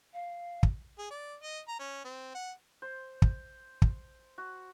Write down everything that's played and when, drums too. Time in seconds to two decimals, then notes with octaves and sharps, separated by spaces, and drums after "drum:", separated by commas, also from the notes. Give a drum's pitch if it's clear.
0.14 F5
0.63 drum: kick
0.98 G#4
1.10 D5
1.42 D#5
1.68 A#5
1.79 C#4
2.04 C4
2.34 F#5
2.82 C5
3.22 drum: kick
3.82 drum: kick
4.38 F#4